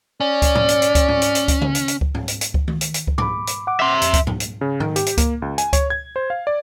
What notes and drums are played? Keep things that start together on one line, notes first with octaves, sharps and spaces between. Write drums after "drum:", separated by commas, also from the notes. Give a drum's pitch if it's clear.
C#4 D5
drum: kick C#2, hi-hat
drum: tom G#2
drum: hi-hat
drum: hi-hat
drum: kick C#2, hi-hat
drum: tom G#2
drum: hi-hat
drum: hi-hat
drum: kick C#2, hi-hat
drum: tom C#3
drum: hi-hat
drum: hi-hat
drum: kick C#2
drum: tom G#2
drum: hi-hat
drum: hi-hat
drum: kick C#2
drum: tom D#3
drum: hi-hat
drum: hi-hat
drum: kick C#2
B5 D6, drum: tom G#2
drum: hi-hat
F#5 D6
E5 C6
F2, drum: hi-hat
drum: kick C#2, hi-hat
drum: tom G#2
drum: hi-hat
C#3
D#3, drum: tom G#2
G4, drum: hi-hat
drum: hi-hat
A#3, drum: kick C#2, hi-hat
C#2
G#5, drum: hi-hat
C#5, drum: kick C#2, hi-hat
G#6
C5
F5
D5